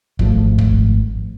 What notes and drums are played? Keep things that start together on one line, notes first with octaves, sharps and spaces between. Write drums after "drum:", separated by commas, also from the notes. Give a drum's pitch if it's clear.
G#1 F3 A3, drum: kick
drum: kick